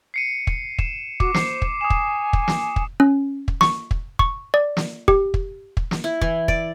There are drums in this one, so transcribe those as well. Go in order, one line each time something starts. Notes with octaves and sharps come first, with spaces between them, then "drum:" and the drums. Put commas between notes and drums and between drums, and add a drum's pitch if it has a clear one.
C7 C#7 D#7
drum: kick
E7, drum: kick
F#4 D6, drum: kick
C5 C7, drum: snare
drum: kick
G#5 D#6 E7
drum: kick
drum: kick
drum: snare
drum: kick
C#4
drum: kick
C#6, drum: snare
drum: kick
C#6, drum: kick
D5
drum: snare
G4, drum: kick
drum: kick
drum: kick
drum: snare
E4
E3, drum: kick
D5, drum: kick